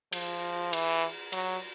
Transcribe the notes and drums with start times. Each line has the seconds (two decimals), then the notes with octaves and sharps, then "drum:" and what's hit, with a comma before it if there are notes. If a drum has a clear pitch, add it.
0.12 F3, drum: cymbal
0.73 E3, drum: cymbal
1.32 F#3, drum: cymbal